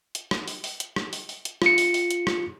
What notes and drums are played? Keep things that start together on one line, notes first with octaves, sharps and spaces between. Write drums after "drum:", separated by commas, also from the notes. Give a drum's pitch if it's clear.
drum: hi-hat
drum: rim click
drum: open hi-hat
drum: open hi-hat
drum: hi-hat
drum: rim click
drum: open hi-hat
drum: open hi-hat
drum: hi-hat
F4 C#7, drum: rim click
drum: open hi-hat
drum: open hi-hat
drum: hi-hat
drum: rim click